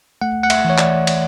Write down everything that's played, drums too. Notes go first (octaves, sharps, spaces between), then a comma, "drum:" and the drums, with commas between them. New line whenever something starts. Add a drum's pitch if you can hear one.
A3 F#5
F#5
E5, drum: cymbal
E3 C#5
D5, drum: clap
drum: cymbal